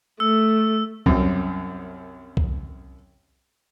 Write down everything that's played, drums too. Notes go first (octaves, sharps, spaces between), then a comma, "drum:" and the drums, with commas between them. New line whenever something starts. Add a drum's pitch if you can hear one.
A3 E6
C2 F#2, drum: kick C2
drum: kick C2